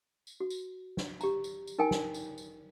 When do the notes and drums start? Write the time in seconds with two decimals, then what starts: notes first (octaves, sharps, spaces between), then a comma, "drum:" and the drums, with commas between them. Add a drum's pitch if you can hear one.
0.27 drum: tambourine
0.40 F#4
0.50 drum: tambourine
0.97 drum: snare
1.21 G4 A#5, drum: tambourine
1.44 drum: tambourine
1.67 drum: tambourine
1.79 D#4 A#4 G5 G#5
1.91 drum: snare
2.14 drum: tambourine
2.38 drum: tambourine